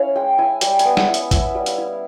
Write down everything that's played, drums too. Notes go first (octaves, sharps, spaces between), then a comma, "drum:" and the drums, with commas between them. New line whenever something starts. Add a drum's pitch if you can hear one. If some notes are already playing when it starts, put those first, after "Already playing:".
Already playing: C#4 E4 F5
G#3 G5
E4 G#5
G3 G5, drum: hi-hat
G#5, drum: hi-hat
B3
F#5, drum: snare
E4
E5, drum: hi-hat
E4 E5, drum: kick G#1, hi-hat
G3
F5, drum: hi-hat
E4